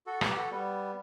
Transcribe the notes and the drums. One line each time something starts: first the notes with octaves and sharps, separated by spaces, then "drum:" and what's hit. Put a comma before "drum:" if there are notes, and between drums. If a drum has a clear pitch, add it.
F#4 A4
G4 B4, drum: rim click
F#4 A4
G3 B3